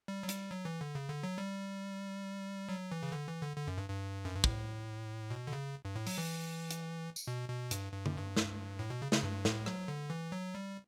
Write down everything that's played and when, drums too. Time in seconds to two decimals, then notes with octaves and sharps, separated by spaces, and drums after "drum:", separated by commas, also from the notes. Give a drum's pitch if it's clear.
0.08 G3
0.23 F#3
0.29 G3, drum: hi-hat
0.51 F#3
0.65 E3
0.81 D3
0.95 C#3
1.09 D3
1.23 F#3
1.38 G3
2.69 F#3
2.92 E3
3.03 C#3
3.12 D3
3.28 E3
3.41 D3
3.56 D3
3.67 F#2
3.78 G2
3.90 G2
4.25 F#2
4.35 G2
4.44 A2, drum: kick
5.30 B2
5.47 D3
5.53 C#3
5.85 G2
5.96 A2
6.07 F#3, drum: open hi-hat
6.18 E3
6.71 drum: hi-hat
7.16 drum: tambourine
7.27 B2
7.49 B2
7.71 G2, drum: hi-hat
7.92 G2
8.06 F#2, drum: tom D3
8.18 G2
8.37 drum: snare
8.79 A2
8.90 B2
9.02 C#3
9.12 C#3, drum: snare
9.23 G2
9.45 A2, drum: snare
9.66 F#3, drum: rim click
9.88 D3
10.10 E3
10.32 F#3
10.55 G3